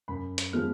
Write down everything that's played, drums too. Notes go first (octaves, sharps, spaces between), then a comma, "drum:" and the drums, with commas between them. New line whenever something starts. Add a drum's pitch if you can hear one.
F#2 B5
drum: hi-hat
F3 G#3 B3 F6